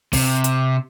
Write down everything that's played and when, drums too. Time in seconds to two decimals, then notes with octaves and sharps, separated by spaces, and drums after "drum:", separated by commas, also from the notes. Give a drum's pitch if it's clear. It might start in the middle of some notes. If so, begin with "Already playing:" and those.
0.13 C3, drum: kick, open hi-hat
0.44 drum: hi-hat